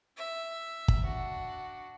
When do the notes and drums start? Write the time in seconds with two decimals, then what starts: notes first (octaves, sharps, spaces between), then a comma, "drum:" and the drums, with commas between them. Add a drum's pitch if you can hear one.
0.17 E5
0.88 drum: kick
1.05 D4 F#4